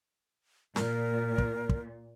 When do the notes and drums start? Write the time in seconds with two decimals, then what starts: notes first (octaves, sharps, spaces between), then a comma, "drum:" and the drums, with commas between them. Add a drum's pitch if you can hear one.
0.76 A#2 A#4, drum: snare
1.38 drum: kick
1.69 drum: kick